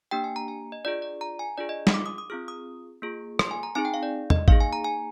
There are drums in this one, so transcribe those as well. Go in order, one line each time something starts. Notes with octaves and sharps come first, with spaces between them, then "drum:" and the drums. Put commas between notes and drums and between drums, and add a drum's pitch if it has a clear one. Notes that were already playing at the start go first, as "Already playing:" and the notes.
A#3 D4 G4 G5
G#5
A#5
G#5
D#5
D4 F4 G#4 D5
D5
A#5
G#5
D4 F4 G#4 D5
D#5
C6, drum: snare
D6
D#6
D#6
C4 F4 G#4 F6
D#6
A#3 F4 G#4
C6, drum: rim click
G#5
A#5
C4 D#4 G#4 G#5
G5
F5
D5
D#5, drum: tom
A#3 D#4 G#4 F5, drum: kick G#1
G#5
A#5
G#5